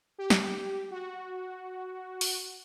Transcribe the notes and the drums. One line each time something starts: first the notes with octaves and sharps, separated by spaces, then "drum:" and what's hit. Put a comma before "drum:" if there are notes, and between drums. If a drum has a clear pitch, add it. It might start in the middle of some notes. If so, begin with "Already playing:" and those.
G4
drum: snare
F#4
drum: open hi-hat